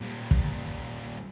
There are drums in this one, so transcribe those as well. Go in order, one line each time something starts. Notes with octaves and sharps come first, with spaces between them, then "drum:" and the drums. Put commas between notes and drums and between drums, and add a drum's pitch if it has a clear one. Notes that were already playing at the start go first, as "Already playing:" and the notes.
A#2 G3
drum: kick